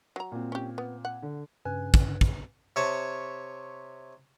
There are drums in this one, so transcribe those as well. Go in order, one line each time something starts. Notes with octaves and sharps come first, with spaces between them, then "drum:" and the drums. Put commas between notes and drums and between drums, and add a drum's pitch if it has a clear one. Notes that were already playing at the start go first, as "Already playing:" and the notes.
F#3 A#5
A#2 C4
C#4 G4
B3
F#5
D3
G2 C#3 B4 G#5 F#6
drum: kick
drum: kick
C3 C#5 A5